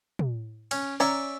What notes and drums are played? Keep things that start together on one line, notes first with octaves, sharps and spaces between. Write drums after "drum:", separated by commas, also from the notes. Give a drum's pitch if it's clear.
drum: tom
C#4, drum: cymbal
C#4 D5 E5 A#5 C#6